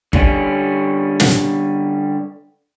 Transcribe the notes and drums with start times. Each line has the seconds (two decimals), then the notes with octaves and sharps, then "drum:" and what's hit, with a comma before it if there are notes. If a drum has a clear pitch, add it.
0.13 D3 G3 C#4, drum: kick G1
1.20 drum: snare